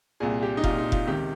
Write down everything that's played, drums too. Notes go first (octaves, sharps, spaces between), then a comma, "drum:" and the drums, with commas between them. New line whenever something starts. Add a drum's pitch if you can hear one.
C2 A#2 G#4
G4
D#4
C2 A#2 F4, drum: kick F1
D#4
F4, drum: kick F1
C#2 C3 D#3 G4